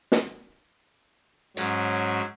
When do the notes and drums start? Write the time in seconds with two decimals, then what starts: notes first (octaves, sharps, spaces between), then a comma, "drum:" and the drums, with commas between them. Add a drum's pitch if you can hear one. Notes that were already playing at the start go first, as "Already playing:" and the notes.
0.12 drum: snare
1.57 G#2 F#3 C#4, drum: hi-hat